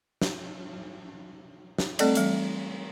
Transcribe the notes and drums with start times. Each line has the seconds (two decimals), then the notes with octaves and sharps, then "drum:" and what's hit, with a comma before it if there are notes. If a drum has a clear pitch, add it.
0.22 drum: snare
1.78 drum: snare
1.99 G3 A3 C4 A4 D5 D#5, drum: cymbal
2.15 E3 G3, drum: hi-hat